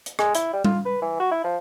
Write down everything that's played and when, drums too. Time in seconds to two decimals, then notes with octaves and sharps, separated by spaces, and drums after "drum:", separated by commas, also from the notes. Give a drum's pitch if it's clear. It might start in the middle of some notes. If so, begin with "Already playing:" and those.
0.06 drum: hi-hat
0.19 G#3, drum: rim click
0.35 E4, drum: hi-hat
0.53 G3
0.65 F4, drum: tom G3
0.85 B4
1.02 E3
1.20 F#4
1.31 E4
1.44 F3